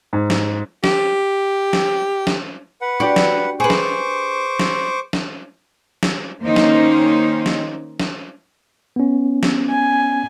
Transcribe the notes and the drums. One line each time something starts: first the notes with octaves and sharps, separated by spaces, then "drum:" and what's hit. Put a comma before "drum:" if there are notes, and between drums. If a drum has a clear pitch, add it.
G#2
drum: snare
G4, drum: snare
drum: snare
drum: snare
B4 F#5
D4 F#4 G4 D5
drum: snare
G#4 B4 C5 C#6 D6
drum: snare
drum: snare
drum: snare
drum: snare
D#3 A#3 C#4 D#4 C5
drum: snare
drum: snare
drum: snare
B3 C#4
drum: snare
G#5